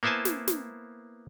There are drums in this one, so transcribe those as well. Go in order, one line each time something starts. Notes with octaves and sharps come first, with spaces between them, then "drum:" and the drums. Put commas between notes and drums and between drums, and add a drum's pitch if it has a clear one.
A#3 B3 E4 C5 G#5 A5
drum: snare
drum: snare